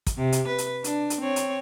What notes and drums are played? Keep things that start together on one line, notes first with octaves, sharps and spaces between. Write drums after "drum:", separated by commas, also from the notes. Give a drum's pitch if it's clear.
drum: kick, hi-hat
C3
drum: hi-hat
B4
drum: hi-hat
D4, drum: hi-hat
drum: hi-hat
C4 C#5
drum: hi-hat